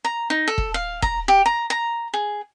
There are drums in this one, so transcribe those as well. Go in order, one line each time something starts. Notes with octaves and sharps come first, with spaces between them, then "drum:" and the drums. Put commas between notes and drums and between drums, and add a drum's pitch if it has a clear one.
A#5
D#4
A4
drum: kick E1
F5
A#5, drum: kick E1
G4
A#5
A#5
G#4